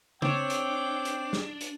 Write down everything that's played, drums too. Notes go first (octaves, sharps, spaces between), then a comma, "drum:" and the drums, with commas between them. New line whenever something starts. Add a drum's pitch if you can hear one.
C4 D4 C#5 G5 D6, drum: tom
drum: hi-hat
drum: hi-hat
drum: snare
drum: hi-hat